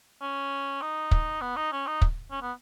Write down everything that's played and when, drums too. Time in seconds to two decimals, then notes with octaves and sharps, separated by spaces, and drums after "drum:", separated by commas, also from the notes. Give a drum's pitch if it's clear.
0.21 C#4
0.82 D#4
1.11 drum: kick
1.41 B3
1.56 D#4
1.72 C#4
1.87 D#4
2.02 drum: kick
2.31 C#4
2.42 B3